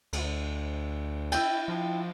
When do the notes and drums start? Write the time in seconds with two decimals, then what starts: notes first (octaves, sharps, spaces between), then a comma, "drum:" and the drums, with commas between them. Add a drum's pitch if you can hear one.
0.13 D2, drum: cymbal
1.32 E4 G5, drum: cymbal
1.68 F3